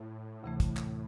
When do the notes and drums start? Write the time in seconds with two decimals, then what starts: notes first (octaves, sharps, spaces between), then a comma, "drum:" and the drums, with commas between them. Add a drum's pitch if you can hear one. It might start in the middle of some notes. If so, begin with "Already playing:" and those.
Already playing: A2
0.43 D2 C3 E3 A3
0.60 drum: kick, hi-hat
0.77 drum: clap